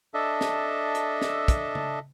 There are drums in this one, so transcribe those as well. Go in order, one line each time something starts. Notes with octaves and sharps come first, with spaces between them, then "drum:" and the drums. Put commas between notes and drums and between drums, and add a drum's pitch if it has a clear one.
D4 A4 D#5 E5
drum: snare
drum: hi-hat
drum: snare
drum: kick, hi-hat
drum: tom C#3